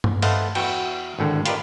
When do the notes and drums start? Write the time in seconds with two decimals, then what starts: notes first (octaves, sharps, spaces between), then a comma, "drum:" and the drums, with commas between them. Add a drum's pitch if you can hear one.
0.04 drum: tom G2
0.22 A3 B4 C5 D#5 F5 F#5, drum: cymbal
0.55 E2 F#4 B4 G5, drum: cymbal
1.19 G#1 A2 D3
1.46 F4 G4 A#4 B4 D5 D#5, drum: hi-hat